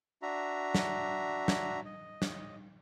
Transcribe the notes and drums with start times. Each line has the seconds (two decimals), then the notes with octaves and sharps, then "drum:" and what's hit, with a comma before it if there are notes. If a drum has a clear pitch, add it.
0.22 D4 F#4 E5 A#5
0.75 drum: snare
1.48 drum: snare
1.85 D#5
2.22 drum: snare